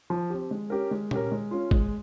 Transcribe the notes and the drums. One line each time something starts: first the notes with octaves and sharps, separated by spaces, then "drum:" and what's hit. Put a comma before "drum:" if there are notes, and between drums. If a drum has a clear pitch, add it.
F3
C4 G4
G#3
C#4 G4 A#4
G#3
C#4 G4 A#4, drum: tom A#2
G#3
C#4 F4
G#3, drum: kick